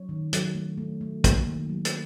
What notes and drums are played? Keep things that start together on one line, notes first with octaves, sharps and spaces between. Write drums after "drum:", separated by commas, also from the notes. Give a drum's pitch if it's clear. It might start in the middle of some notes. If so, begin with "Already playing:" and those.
Already playing: F#3 C#5
D#3
F#3, drum: hi-hat
A3
A3
A3
A#3, drum: kick, hi-hat
D#3
F#3
drum: hi-hat